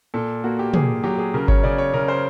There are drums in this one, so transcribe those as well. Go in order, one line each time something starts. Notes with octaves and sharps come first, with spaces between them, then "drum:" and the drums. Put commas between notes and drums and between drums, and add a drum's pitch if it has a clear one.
A#2 A4
A#3 F#4
G4
A#2 G#4, drum: tom
F#3 G4
G#4
C#3 A#4
C#5, drum: kick G1
C#3 D5
C#5
C#3 A#4
C5